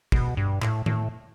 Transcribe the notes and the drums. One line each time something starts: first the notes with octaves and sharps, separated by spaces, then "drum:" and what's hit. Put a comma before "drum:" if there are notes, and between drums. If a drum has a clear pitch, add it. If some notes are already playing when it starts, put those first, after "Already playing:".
B2, drum: kick
G2
A2, drum: clap
A2, drum: tom D#3